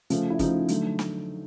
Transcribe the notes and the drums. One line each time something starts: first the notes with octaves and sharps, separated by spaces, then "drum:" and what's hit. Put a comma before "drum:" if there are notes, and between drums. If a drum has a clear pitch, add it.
C#3 F3 A3, drum: hi-hat
E4
C#3 F3 A3 D#4, drum: kick, hi-hat
D3 F#3 A3, drum: hi-hat
drum: snare